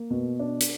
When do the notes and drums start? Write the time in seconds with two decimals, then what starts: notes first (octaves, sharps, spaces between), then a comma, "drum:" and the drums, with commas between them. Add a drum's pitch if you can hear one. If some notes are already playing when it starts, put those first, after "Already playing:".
Already playing: A#3
0.10 B2
0.39 D4
0.61 drum: hi-hat